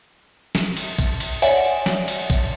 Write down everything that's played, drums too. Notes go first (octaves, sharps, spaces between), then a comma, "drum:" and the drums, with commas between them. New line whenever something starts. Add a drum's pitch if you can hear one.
drum: snare
drum: cymbal
drum: kick A#1, cymbal
drum: cymbal
C#5 D5 E5 F#5 G#5, drum: cymbal
drum: snare
drum: cymbal
drum: kick A#1, cymbal